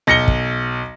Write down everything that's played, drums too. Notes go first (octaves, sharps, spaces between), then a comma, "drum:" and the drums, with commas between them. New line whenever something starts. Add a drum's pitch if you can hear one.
B1 A#6 C#7 G7
drum: kick